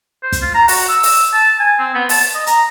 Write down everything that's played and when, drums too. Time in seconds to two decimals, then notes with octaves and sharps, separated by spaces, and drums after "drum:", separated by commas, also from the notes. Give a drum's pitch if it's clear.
0.23 C5
0.32 drum: kick, hi-hat
0.42 F4
0.54 A#5
0.68 F#4, drum: open hi-hat
0.89 E6
1.03 drum: open hi-hat
1.33 A5
1.59 G#5
1.79 C4
1.95 B3
2.09 A5, drum: open hi-hat
2.35 D#5
2.47 A#5, drum: hi-hat